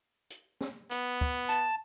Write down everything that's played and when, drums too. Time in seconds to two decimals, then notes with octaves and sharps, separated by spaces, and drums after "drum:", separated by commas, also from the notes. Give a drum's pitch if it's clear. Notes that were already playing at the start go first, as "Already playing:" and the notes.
0.30 drum: hi-hat
0.61 drum: snare
0.91 B3, drum: hi-hat
1.21 drum: kick
1.49 A5, drum: hi-hat